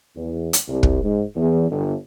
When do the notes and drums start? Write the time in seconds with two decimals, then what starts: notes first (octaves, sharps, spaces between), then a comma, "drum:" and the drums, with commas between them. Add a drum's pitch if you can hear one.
0.16 E2
0.53 drum: hi-hat
0.68 C2
0.83 drum: kick
1.03 G#2
1.36 E2
1.71 G1